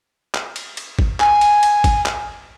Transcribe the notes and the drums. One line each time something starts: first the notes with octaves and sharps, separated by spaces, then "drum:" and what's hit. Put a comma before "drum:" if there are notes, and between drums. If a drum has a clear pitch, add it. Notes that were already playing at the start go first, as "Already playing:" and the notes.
drum: clap
drum: cymbal
drum: cymbal
drum: kick
G#5, drum: clap
drum: cymbal
drum: cymbal
drum: kick, cymbal
drum: clap